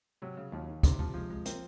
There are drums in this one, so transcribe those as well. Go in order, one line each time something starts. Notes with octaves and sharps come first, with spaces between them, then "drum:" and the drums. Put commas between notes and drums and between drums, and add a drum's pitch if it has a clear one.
C3 F#3
C#3
D#2 F3
D#3
C3 D#3, drum: kick, hi-hat
F3
F3 G#3
G#3
A#3 C4, drum: hi-hat